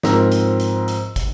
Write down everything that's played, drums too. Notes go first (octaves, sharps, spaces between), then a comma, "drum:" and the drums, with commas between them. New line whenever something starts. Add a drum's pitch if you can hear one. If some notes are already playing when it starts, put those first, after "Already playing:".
G#2 F3 C4 A#4 A#5 E6, drum: snare
drum: hi-hat
drum: hi-hat
drum: hi-hat
drum: kick, hi-hat